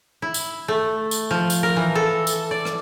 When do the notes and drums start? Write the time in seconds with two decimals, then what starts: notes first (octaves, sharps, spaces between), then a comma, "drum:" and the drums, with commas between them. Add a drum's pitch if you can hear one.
0.22 E4
0.34 drum: tambourine
0.68 A3
1.11 drum: tambourine
1.31 F3
1.50 drum: tambourine
1.63 A#4
1.76 E3
1.95 A4
2.27 drum: tambourine
2.51 D5
2.65 drum: rim click